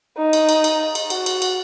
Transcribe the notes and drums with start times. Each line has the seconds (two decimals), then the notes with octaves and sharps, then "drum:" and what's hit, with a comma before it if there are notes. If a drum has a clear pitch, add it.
0.17 D#4
0.33 drum: cymbal
0.49 drum: cymbal
0.64 drum: cymbal
0.95 drum: cymbal
1.10 F#4, drum: cymbal
1.26 drum: cymbal
1.42 drum: cymbal